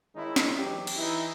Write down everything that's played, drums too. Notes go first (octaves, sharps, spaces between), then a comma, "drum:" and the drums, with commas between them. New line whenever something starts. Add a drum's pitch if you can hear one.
D#3 G#3 C#4 D#4 E4
drum: snare
E2 F#3 G4
drum: cymbal
E3 D#4 E4